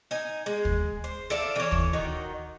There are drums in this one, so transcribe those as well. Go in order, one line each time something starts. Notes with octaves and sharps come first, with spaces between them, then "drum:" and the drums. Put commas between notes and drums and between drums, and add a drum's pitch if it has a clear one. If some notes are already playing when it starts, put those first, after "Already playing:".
D#4 G#5
G#3
drum: kick
C5
A4 D5 E5 F5
E3 C#5
drum: kick
D#3 D#4 F#4